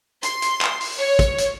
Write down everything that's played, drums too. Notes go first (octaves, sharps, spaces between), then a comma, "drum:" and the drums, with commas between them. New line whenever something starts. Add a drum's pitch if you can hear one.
C6, drum: hi-hat
drum: hi-hat
drum: clap
drum: open hi-hat
C#5
drum: kick, hi-hat
drum: hi-hat